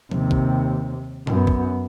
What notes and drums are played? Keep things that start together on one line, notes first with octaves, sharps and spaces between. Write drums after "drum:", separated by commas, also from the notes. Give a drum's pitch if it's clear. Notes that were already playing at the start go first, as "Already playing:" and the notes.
D#2 C3, drum: tom F3
drum: kick
F#2 B3, drum: tom A#2
drum: kick